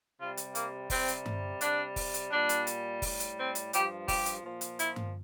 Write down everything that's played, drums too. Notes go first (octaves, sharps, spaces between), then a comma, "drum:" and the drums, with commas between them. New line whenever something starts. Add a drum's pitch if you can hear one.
C3 G3 F4
drum: hi-hat
A#3, drum: hi-hat
C3 G3 C4, drum: kick F1, open hi-hat
drum: hi-hat
drum: tom G2
C3 G3 D4, drum: hi-hat
drum: kick F1, open hi-hat
drum: hi-hat
A#2 G3 D4
drum: hi-hat
drum: hi-hat
A2 G3, drum: kick F1, open hi-hat
drum: hi-hat
C4
drum: hi-hat
G2 F3 G4, drum: hi-hat
G4, drum: kick F1, open hi-hat
drum: hi-hat
A#2 F3
drum: hi-hat
E4, drum: hi-hat
drum: tom G2